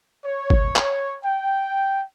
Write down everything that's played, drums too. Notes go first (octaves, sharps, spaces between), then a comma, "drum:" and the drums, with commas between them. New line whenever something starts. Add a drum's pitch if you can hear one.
C#5
drum: kick
drum: clap
G5